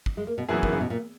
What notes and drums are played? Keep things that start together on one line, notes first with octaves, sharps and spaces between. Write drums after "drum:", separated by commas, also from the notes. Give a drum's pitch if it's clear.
drum: kick
G#3
A#3
B2
F#2 A#2 E3 B3 E4 G#4
D#3, drum: kick
C#3
B2
A#2